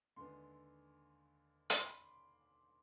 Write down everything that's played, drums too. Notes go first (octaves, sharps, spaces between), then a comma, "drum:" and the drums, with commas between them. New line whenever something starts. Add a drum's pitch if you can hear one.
D#2 D3 G#3 B3 C6
D6, drum: hi-hat
C6
B5